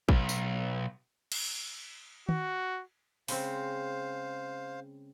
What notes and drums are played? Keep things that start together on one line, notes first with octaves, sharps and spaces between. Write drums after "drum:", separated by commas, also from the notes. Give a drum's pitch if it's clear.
B1, drum: kick
drum: tambourine
drum: cymbal
F#4, drum: tom D#3
C#3 G#3 C4 C5 F5, drum: open hi-hat